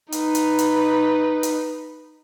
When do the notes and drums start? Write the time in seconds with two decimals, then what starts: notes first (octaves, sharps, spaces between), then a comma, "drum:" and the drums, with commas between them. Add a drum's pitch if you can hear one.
0.12 D#4 B4, drum: hi-hat
0.35 drum: hi-hat
0.59 drum: hi-hat
1.43 drum: hi-hat